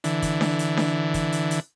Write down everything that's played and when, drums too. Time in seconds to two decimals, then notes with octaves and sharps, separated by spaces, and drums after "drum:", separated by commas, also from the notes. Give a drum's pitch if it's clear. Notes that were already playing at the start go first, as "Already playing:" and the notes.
0.04 D3 E3, drum: hi-hat
0.22 drum: kick, hi-hat
0.41 drum: snare D4
0.59 drum: hi-hat
0.77 drum: snare D4
1.14 drum: kick, hi-hat
1.32 drum: hi-hat
1.51 drum: hi-hat